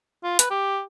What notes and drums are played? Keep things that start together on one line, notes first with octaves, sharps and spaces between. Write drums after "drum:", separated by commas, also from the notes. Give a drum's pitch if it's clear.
F4
B4, drum: hi-hat
G4